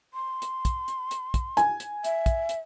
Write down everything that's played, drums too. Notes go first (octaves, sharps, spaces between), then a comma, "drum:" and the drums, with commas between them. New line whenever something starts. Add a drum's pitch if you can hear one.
C6
drum: hi-hat
drum: kick, hi-hat
drum: hi-hat
drum: hi-hat
drum: kick, hi-hat
G#5, drum: hi-hat
drum: hi-hat
E5, drum: hi-hat
drum: kick, hi-hat
drum: hi-hat